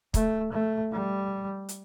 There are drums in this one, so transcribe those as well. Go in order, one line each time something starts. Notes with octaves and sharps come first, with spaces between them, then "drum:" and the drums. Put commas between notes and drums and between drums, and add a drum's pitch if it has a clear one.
A3, drum: kick, hi-hat
A3
G3
drum: hi-hat